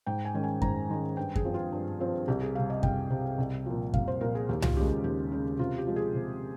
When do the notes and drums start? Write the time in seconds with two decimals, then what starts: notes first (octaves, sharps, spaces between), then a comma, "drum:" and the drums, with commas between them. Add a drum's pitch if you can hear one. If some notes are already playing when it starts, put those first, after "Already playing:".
0.07 G#2 G5
0.25 G#5
0.34 D#3 G#3 C#4
0.44 G#5
0.62 G#2 A#5, drum: kick F#2
0.90 D#3 G#3 C#4
1.17 G2 G5
1.36 G#4, drum: kick F#2
1.45 F3 C4
1.54 F4
1.72 G2
2.00 F3 C4
2.28 C2 G4
2.41 G#4
2.55 C3 G3 F5
2.70 D#5
2.83 C2 G5, drum: kick F#2
3.10 C3 G3
3.38 C2
3.66 A#2 F3
3.94 C2 F5, drum: kick F#2
4.08 C5
4.21 A#2 F3 A#4
4.35 G#4
4.49 D#2 G4
4.62 F4, drum: tom C2
4.77 C#3 G#3 G4
5.04 D#2 G4
5.32 C#3 G#3
5.59 C3 F4
5.78 G4
5.87 F3 G#3
5.96 G#4
6.15 C3